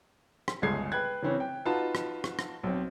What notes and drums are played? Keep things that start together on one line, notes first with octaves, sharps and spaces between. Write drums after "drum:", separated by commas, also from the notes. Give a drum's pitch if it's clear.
drum: rim click
G1 C#2 G#4 G#6 C7
B4 G5 F#6 G#6
C#3 E3 C4 C#4
G5
D#4 F4 F#4 B4 A5
drum: rim click
drum: rim click
drum: rim click
B1 C4